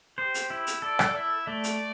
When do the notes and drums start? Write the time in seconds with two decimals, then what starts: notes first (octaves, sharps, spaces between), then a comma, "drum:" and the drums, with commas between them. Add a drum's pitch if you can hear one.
0.18 G4 C5
0.34 drum: hi-hat
0.50 E4
0.67 drum: hi-hat
0.82 A4 D5
0.99 drum: rim click
1.15 E4 E5
1.47 A3 D5
1.64 drum: hi-hat